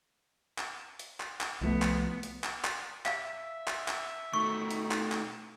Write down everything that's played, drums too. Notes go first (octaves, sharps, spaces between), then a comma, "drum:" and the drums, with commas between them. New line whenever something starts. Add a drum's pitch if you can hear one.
drum: clap
drum: hi-hat
drum: clap
drum: clap
C2 F3 A3 B3
drum: clap
drum: hi-hat
drum: clap
drum: clap
E5 F5, drum: clap
drum: clap
drum: clap
B2 A3 D#4 C#6
drum: hi-hat
drum: clap
drum: clap